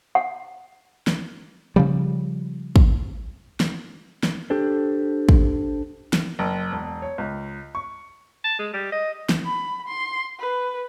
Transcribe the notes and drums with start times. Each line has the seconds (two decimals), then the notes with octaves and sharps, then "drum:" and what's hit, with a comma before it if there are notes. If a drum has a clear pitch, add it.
0.15 F#5
1.07 drum: snare
1.76 C#3 F3 G3
2.76 drum: kick
3.60 drum: snare
4.23 drum: snare
4.50 D4 G4 A4 C5
5.29 drum: kick
6.13 drum: snare
6.39 F#1
6.72 E1
7.02 C#5
7.18 C#2
7.75 C#6
8.44 A5
8.59 G#3
8.74 G3
8.92 D#5
9.29 drum: snare
9.45 B5
9.88 C6
10.39 B4